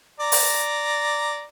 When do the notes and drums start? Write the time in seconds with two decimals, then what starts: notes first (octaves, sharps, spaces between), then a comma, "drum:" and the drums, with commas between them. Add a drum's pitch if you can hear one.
0.20 D5 A#5
0.32 drum: open hi-hat